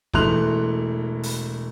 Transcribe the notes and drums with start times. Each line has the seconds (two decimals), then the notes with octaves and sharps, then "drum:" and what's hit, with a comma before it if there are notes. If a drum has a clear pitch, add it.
0.13 E1 E3 A3 C6 F#6 F7, drum: kick
1.23 drum: open hi-hat